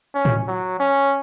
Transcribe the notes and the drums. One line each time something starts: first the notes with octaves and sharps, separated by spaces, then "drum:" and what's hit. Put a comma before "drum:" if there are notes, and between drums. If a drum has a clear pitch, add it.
C#4
drum: tom A2
F#3
C#4